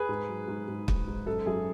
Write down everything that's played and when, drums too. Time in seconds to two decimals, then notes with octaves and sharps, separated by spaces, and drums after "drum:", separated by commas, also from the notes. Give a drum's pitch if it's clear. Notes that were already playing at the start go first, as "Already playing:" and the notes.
Already playing: G#4 B4
0.09 G#2
0.29 F#3
0.48 G#2
0.68 G#2
0.88 G#2, drum: kick
1.07 G#2
1.26 F#2 A4
1.46 F#2 G#4